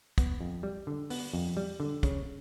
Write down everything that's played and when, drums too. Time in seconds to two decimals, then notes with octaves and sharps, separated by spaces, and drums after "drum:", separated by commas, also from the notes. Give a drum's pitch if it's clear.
0.18 B3, drum: kick, hi-hat
0.41 F2
0.63 G3
0.87 D3
1.10 B3, drum: open hi-hat
1.33 F2
1.57 G3
1.80 D3
2.03 C#3, drum: kick, hi-hat